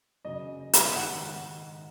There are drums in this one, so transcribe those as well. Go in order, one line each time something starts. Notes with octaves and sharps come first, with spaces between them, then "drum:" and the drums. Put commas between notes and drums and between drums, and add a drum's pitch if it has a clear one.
F#2 C#3 D#5
drum: hi-hat
G#2 D#3 F#5